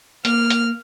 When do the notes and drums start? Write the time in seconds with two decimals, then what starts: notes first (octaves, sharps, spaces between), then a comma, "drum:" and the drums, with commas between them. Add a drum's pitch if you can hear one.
0.25 A#3 F6, drum: hi-hat
0.50 drum: hi-hat